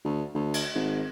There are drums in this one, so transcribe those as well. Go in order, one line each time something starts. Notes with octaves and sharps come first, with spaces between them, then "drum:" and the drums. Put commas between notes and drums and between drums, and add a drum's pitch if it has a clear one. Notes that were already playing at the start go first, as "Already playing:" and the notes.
D2
D2
drum: cymbal
G#1